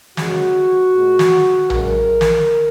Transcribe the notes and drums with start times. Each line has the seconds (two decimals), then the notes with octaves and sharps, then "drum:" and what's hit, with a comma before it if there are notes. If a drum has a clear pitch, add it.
0.17 F#2 C#3 G#3 F#4, drum: snare
0.93 A#2 G#3
1.19 drum: snare
1.70 F#2 C#3 G#3 A#4, drum: tom A#1
2.21 drum: snare